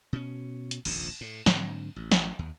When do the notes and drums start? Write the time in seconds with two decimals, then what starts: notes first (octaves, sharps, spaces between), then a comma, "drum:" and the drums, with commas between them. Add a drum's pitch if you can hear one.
0.13 B2 C#4
0.71 drum: hi-hat
0.85 D#1 A#1 F2 C3, drum: cymbal
1.21 A2
1.46 G#2 D3 F#3 C4, drum: snare
1.96 A1
2.12 drum: snare
2.39 D#2